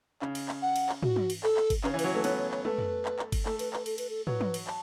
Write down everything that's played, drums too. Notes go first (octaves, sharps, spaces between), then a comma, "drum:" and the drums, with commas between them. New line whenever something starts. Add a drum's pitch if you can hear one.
C#3, drum: clap
drum: cymbal
drum: clap
F#5
drum: cymbal
drum: clap
F#4, drum: tom
drum: tom
drum: cymbal
A4, drum: clap
drum: clap
drum: kick G1, cymbal
C#3 B4, drum: clap
E3 C#5
B4, drum: cymbal
F#3 C#5
A3 B4
B3 C#5, drum: cymbal
C#5
C#5, drum: clap
A3 B4, drum: tom
drum: tom F2
drum: clap
drum: clap
drum: kick G1, cymbal
A3 A4, drum: clap
B4, drum: cymbal
B4, drum: clap
A4, drum: cymbal
B4, drum: cymbal
A4
F#3 B4, drum: tom
drum: tom
drum: cymbal
A5, drum: clap